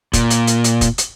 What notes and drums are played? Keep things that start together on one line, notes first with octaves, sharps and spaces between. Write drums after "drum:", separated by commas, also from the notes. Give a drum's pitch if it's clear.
A#2, drum: kick, hi-hat
drum: hi-hat
drum: hi-hat
drum: hi-hat
drum: kick, hi-hat
drum: hi-hat